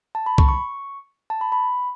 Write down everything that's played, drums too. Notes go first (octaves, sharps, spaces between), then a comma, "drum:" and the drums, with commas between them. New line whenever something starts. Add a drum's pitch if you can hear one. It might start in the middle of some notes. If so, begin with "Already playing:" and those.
A5
B5
C#6, drum: kick C2
C#6
A5
B5
B5